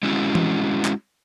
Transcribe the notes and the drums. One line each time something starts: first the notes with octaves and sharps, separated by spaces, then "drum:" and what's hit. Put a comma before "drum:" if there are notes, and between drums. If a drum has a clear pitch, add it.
G#3 C#4 E4 F#4
drum: tom E3
drum: clap